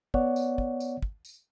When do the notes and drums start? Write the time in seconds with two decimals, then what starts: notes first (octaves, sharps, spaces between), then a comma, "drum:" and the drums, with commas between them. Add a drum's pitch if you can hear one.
0.14 B3 C#5 D5 F#5, drum: kick
0.36 drum: tambourine
0.58 drum: kick
0.80 drum: tambourine
1.03 drum: kick
1.25 drum: tambourine